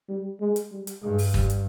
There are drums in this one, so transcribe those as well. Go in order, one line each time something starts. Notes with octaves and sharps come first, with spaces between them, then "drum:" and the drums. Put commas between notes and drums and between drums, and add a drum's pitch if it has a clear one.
G3
G#3
drum: hi-hat
G3
drum: hi-hat
G2 G#3
drum: open hi-hat
G3, drum: kick
drum: hi-hat